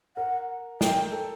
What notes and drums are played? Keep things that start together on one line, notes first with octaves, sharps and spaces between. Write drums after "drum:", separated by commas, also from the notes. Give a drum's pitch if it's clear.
A#4 F#5
A#4 G5, drum: snare
A4